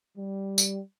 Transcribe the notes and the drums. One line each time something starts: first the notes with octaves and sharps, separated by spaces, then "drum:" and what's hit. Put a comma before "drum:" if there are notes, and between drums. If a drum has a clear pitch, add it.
G3
drum: tambourine